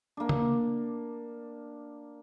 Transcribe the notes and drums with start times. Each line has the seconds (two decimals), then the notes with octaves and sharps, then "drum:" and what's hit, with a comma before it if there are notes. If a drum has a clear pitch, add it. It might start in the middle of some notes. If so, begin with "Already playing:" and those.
0.17 A#3 D4
0.29 drum: tom